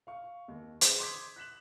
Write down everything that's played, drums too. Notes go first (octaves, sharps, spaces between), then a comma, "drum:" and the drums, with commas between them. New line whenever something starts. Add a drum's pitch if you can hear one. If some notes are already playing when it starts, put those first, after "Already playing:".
F5 C#6
D#2
G#4 C5 G6, drum: hi-hat
C6 D6 D#6 G6 G#6 B6
F#6 B6 E7 F#7